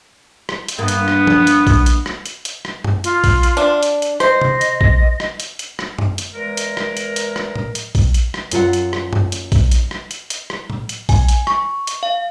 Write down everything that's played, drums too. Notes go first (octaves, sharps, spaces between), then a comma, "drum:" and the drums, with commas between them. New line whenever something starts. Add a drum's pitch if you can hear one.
drum: rim click
drum: hi-hat
G2 A#3 B3
drum: hi-hat
drum: rim click
drum: tom F3
drum: hi-hat
drum: kick A#1, open hi-hat
drum: hi-hat
drum: rim click
drum: hi-hat
drum: hi-hat
drum: rim click
drum: tom F#2
F4, drum: hi-hat
drum: kick A#1, open hi-hat
drum: hi-hat
D4
drum: hi-hat
drum: hi-hat
C5 D#5, drum: rim click
drum: tom C3
drum: hi-hat
drum: kick A#1
drum: rim click
drum: hi-hat
drum: hi-hat
drum: rim click
drum: tom F#2
drum: hi-hat
E2 G#3 A#4
drum: hi-hat
drum: rim click
drum: hi-hat
drum: hi-hat
drum: rim click
drum: tom A2
drum: hi-hat
drum: kick A#1, open hi-hat
drum: hi-hat
drum: rim click
F#2 F4 A#4 F#5, drum: hi-hat
drum: hi-hat
drum: rim click
drum: tom F#2
drum: hi-hat
drum: kick A#1, open hi-hat
drum: hi-hat
drum: rim click
drum: hi-hat
drum: hi-hat
drum: rim click
drum: tom A2
drum: hi-hat
G#5, drum: kick A#1, open hi-hat
drum: hi-hat
C#6, drum: rim click
drum: hi-hat
F5